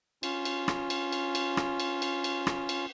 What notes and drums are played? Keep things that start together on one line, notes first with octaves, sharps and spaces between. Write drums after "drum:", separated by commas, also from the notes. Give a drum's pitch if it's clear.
C#4 F4, drum: cymbal
drum: cymbal
drum: rim click
drum: cymbal
drum: cymbal
drum: cymbal
drum: rim click
drum: cymbal
drum: cymbal
drum: cymbal
drum: rim click
drum: cymbal